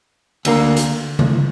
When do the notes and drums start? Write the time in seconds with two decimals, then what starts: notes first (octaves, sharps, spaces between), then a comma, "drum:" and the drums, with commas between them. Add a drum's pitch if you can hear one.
0.45 D2 D3 A#3, drum: cymbal
0.77 drum: hi-hat
1.19 drum: tom C#3